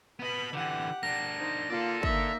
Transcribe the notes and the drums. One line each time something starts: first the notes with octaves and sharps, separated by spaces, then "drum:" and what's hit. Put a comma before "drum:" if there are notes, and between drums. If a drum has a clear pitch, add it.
B3 B4 D#5 B5
D3 E3 G4 F#5
D4 A#4 A#6
D#4 C5
A#3 F4 A4 D5
A#3 D#4 E5, drum: kick